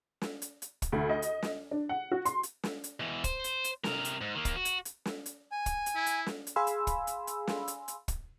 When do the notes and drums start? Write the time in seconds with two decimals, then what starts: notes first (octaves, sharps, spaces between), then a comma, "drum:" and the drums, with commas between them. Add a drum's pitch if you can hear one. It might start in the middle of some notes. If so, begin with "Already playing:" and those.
0.21 drum: snare
0.42 drum: hi-hat
0.62 drum: hi-hat
0.82 drum: kick, hi-hat
0.92 D2
1.09 D#5
1.22 drum: hi-hat
1.42 drum: snare
1.71 D4
1.89 F#5
2.11 F#4
2.25 C6, drum: hi-hat
2.43 drum: hi-hat
2.63 drum: snare
2.84 drum: hi-hat
3.00 B2 E3
3.24 C5, drum: kick, hi-hat
3.44 drum: hi-hat
3.64 drum: hi-hat
3.84 C3 A#4, drum: snare
4.05 drum: hi-hat
4.21 G#2
4.36 D#3 A#3
4.45 drum: kick, hi-hat
4.56 F#4
4.65 drum: hi-hat
4.85 drum: hi-hat
5.05 drum: snare
5.26 drum: hi-hat
5.52 G#5
5.66 drum: kick, hi-hat
5.86 drum: hi-hat
5.95 E4
6.06 drum: hi-hat
6.26 drum: snare
6.47 drum: hi-hat
6.56 G#4 F5 G#5 B5 C6 E6
6.67 drum: hi-hat
6.87 drum: kick, hi-hat
7.07 drum: hi-hat
7.27 drum: hi-hat
7.47 drum: snare
7.68 drum: hi-hat
7.88 drum: hi-hat
8.08 drum: kick, hi-hat